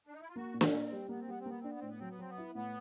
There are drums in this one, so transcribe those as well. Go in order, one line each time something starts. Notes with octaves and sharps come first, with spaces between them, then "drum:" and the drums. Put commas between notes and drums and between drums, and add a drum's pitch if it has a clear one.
D4
D#4
E4
F4
A#3 F#4
A#2
C#4, drum: snare
A#3
C4
G3
A#3 B3
C4
G3 B3
C4
A#3 B3
C4 D4
B3
A2 C4
B3
F#3 C4
B3
F#3 C4
B3
E4
A2 B3